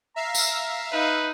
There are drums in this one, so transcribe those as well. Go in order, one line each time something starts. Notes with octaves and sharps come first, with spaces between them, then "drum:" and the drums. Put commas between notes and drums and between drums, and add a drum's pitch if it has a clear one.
E5 F5 A#5
drum: tambourine
D#4 B4